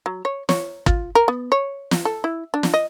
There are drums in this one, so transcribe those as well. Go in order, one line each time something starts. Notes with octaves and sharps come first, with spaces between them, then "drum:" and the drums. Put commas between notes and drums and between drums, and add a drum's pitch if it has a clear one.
F#3
C#5
C#5, drum: snare
F4, drum: kick
A#4
B3
C#5
drum: snare
A4
E4
D4
drum: snare
D#5